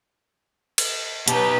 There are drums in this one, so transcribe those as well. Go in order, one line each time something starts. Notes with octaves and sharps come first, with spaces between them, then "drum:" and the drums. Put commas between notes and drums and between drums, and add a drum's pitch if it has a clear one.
drum: cymbal
B2 D#4 G4 B4, drum: hi-hat